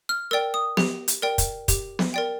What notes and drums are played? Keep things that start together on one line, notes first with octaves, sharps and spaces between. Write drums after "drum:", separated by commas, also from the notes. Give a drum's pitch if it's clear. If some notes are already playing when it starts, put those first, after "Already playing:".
F6
A#4 D5 G5 E6
D#6
G4, drum: snare B3
drum: hi-hat
A#4 D5 G5
drum: kick, hi-hat
G4, drum: kick, hi-hat
drum: snare B3
A#4 D5 G5